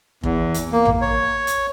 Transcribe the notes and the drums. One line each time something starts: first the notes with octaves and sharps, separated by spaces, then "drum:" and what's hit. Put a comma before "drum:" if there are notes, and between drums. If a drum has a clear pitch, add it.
E2, drum: kick F1
drum: hi-hat
A#3
drum: tom A1
C#5
drum: hi-hat